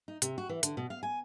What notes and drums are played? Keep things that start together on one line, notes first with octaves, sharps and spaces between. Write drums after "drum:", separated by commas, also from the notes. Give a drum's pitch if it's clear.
D#4
C3, drum: hi-hat
F#4
E3
D3, drum: hi-hat
B2
F5
G#5